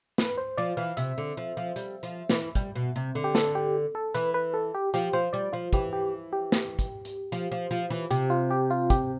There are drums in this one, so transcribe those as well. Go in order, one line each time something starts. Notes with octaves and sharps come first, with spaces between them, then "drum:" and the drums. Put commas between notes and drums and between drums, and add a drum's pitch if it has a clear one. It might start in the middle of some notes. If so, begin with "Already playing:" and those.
B4, drum: snare
C5
F3 D5
E3 F5
C3 E5, drum: hi-hat
D3
F3
F3
G3, drum: hi-hat
F3, drum: hi-hat
E3, drum: snare
G3, drum: kick, hi-hat
B2
C3
D3
G4
A4, drum: snare
G4
A4
E3 B4, drum: hi-hat
B4
A4
G4
F3 G4, drum: hi-hat
F3 C5
G3 D5
F3 F4
E3 G4, drum: kick, hi-hat
G4
G4
drum: snare
drum: kick, hi-hat
drum: hi-hat
F3, drum: hi-hat
F3
F3
E3
C3 G4, drum: hi-hat
F4
G4
F4
G4, drum: kick, hi-hat